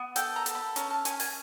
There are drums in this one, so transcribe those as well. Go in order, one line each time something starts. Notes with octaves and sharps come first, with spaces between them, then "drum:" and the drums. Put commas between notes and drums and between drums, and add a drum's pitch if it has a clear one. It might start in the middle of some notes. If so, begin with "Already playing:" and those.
Already playing: B3
A4 G5, drum: hi-hat
A#5
A4, drum: hi-hat
B5
C#4 A#5, drum: hi-hat
A5
C#4 G#5, drum: hi-hat
G#5, drum: open hi-hat